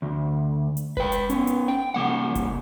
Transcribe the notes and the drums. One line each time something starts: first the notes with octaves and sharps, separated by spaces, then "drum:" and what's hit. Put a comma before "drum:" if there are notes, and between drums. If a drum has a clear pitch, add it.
D2
drum: hi-hat
B4 G5, drum: kick F#1
drum: hi-hat
B3 C#4, drum: hi-hat
drum: hi-hat
G5
C2 C#3 A#3 F#5
drum: kick F#1, hi-hat